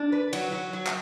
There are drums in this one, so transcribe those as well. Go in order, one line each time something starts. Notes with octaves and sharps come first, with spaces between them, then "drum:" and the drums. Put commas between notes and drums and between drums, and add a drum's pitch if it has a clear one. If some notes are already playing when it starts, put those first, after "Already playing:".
Already playing: D4
B4
F#3, drum: cymbal
F#3
F#3
drum: clap